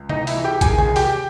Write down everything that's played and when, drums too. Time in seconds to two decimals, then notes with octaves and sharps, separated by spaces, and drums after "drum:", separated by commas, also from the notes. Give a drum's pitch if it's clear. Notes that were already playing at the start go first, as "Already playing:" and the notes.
Already playing: C#2
0.09 E3 D#4 D#5, drum: tom C3
0.27 E4 E5, drum: open hi-hat
0.37 E3
0.44 G4 G5
0.61 D#3 G#4 G#5, drum: kick A#1, hi-hat
0.78 G#4 G#5, drum: tom C3
0.88 D#2
0.96 G4 G5, drum: open hi-hat